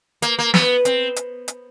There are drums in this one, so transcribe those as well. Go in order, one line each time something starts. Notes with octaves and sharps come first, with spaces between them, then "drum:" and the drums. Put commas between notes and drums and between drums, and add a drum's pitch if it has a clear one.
A#3, drum: hi-hat
A#3
B3, drum: snare
C4, drum: hi-hat
drum: hi-hat
drum: hi-hat